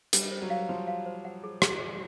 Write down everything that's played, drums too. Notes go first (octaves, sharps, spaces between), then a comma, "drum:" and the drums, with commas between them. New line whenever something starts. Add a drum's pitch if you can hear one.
G3 G#5, drum: hi-hat
C5
F#3
F5
F3 C6
F5
C5
F#5
G#4
G#4, drum: rim click
G#4